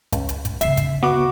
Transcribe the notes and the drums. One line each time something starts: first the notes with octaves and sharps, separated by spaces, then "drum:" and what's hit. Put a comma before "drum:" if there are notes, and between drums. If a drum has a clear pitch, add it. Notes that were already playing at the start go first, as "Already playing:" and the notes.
C#2, drum: kick, hi-hat
drum: hi-hat
drum: kick, hi-hat
D2 C#3 E5 C7, drum: hi-hat
drum: kick, hi-hat
B3 F#4 D6